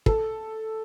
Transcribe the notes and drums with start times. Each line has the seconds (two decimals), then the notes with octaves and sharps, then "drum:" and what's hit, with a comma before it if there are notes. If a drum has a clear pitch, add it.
0.06 A4, drum: kick